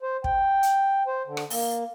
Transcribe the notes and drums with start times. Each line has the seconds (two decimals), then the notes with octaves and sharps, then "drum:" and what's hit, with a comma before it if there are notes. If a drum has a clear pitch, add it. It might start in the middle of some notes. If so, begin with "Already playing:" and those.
0.03 C5
0.24 G5, drum: kick
0.63 drum: hi-hat
1.07 C5
1.27 D3
1.37 drum: rim click
1.50 A#3, drum: open hi-hat